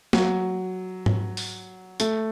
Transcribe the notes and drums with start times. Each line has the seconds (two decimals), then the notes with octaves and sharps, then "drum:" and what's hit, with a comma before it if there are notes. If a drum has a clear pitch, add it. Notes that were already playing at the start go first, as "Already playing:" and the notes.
0.13 F#3, drum: snare
1.06 drum: tom G#2
1.37 drum: open hi-hat
2.00 A3, drum: hi-hat